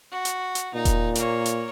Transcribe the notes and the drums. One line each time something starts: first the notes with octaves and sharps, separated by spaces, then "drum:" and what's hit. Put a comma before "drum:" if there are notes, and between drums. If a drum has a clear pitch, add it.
F#4
drum: hi-hat
drum: hi-hat
A#2 D#4
drum: kick E1, hi-hat
A#3 C#5, drum: hi-hat
drum: hi-hat